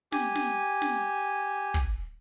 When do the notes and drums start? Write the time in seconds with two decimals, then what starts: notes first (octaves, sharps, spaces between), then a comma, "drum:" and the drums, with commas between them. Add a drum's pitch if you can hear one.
0.12 G4 G#5, drum: snare
0.35 drum: snare
0.82 drum: snare
1.74 drum: kick